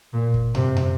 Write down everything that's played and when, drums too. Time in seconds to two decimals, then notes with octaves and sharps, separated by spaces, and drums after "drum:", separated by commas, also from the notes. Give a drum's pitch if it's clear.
0.13 A#2
0.34 drum: kick
0.55 C3, drum: tom
0.76 drum: tom